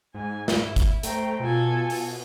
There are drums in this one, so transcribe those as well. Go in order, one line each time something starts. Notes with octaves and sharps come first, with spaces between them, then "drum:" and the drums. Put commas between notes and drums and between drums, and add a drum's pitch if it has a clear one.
G#2 G#5
E4, drum: snare
drum: kick, hi-hat
A3 C5 G5 A#5, drum: hi-hat
B2 F4 A4 G#5
drum: open hi-hat